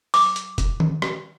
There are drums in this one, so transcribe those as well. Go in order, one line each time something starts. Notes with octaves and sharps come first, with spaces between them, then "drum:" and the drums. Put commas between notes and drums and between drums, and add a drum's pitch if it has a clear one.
D6, drum: open hi-hat
drum: hi-hat
drum: kick E1, hi-hat
drum: tom D#3
drum: rim click